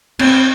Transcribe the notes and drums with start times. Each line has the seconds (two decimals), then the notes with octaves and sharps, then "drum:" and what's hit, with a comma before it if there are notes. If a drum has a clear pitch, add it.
0.19 C4, drum: cymbal